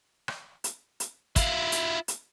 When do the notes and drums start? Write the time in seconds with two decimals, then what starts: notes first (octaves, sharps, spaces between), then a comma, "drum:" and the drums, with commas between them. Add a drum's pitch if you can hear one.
0.28 drum: rim click
0.64 drum: hi-hat
1.00 drum: hi-hat
1.36 E4 F4, drum: kick, hi-hat
1.72 drum: hi-hat
2.08 drum: hi-hat